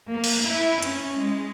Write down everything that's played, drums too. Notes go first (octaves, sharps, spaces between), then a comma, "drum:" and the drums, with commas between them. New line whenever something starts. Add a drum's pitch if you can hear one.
A#3
drum: cymbal
E4
C#4, drum: hi-hat
G#3